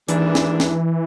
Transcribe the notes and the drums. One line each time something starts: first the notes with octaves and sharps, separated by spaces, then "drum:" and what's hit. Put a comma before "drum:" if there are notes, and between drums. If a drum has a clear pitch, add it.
D#2 G#2 E3 D4, drum: hi-hat
drum: snare
drum: snare